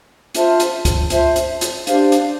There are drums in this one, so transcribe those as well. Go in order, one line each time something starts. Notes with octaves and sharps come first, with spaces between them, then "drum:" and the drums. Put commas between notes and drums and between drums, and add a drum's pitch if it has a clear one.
F4 C5 E5 A5, drum: hi-hat
drum: hi-hat
drum: kick C#2, hi-hat
F4 C5 E5 A5, drum: hi-hat
drum: hi-hat
drum: hi-hat
D4 G4 C5 F5, drum: hi-hat
drum: hi-hat